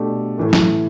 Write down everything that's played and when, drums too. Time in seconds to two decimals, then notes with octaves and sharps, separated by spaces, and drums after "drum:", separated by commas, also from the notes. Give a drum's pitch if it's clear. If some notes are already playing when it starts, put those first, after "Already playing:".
Already playing: B2 A3 D4 G4
0.37 A2 E3 A3
0.53 drum: snare